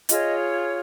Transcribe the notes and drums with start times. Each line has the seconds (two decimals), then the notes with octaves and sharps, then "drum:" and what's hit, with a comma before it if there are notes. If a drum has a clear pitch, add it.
0.09 F4 G#4 C#5 D#5, drum: hi-hat